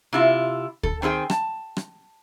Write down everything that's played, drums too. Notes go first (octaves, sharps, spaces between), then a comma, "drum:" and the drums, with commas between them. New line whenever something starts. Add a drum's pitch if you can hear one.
C3 E4 F4
A4, drum: kick D2
D#3 C4 D4 G#4 G5
A5, drum: rim click
drum: rim click